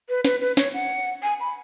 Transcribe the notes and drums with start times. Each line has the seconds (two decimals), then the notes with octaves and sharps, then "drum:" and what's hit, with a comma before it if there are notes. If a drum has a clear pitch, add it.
0.09 B4
0.25 B4, drum: snare
0.41 B4
0.57 C#5, drum: snare
0.74 F#5
1.23 G#5
1.40 B5